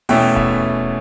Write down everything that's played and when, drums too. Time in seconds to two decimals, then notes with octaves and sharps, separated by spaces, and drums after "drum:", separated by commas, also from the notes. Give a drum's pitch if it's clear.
0.09 E2 B2 A3 C#4 E4 G5, drum: open hi-hat
0.36 E5, drum: kick D#1